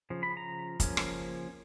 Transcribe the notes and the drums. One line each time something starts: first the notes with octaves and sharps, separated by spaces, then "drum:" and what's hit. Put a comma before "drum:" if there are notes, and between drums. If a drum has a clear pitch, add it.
C#3 F3
B5
A#5
C#3 F3 A#3 C#4, drum: kick, hi-hat
drum: rim click